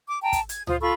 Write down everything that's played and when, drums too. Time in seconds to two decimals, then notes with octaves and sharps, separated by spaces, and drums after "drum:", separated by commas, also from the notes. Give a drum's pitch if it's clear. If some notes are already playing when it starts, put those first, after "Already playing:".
0.08 D6
0.22 G5 A5 A#5
0.33 drum: kick, hi-hat
0.49 G#6, drum: hi-hat
0.67 F4 C5 D#6, drum: tom C#2
0.81 F4 A4 B5 C#6